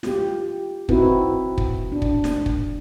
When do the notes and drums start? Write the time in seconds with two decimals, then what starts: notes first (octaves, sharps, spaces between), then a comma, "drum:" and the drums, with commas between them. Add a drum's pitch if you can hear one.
0.03 F4 G4, drum: snare
0.89 C4 D#4 E4 F#4 B4, drum: kick
1.58 drum: kick
1.92 D4
2.02 drum: kick
2.24 drum: snare
2.46 drum: kick